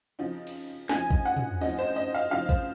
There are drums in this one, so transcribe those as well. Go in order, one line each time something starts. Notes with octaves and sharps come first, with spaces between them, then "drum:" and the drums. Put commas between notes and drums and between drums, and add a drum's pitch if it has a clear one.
C#3 F3 C4 D#4
drum: cymbal
C#3 F3 C4 D#4 G#5, drum: snare
drum: kick A1
F#5
drum: tom
C#3 F3 C4 D#4 D#5
C5
D#5
F5
C#3 F3 C4 D#4 F5
C5, drum: kick A1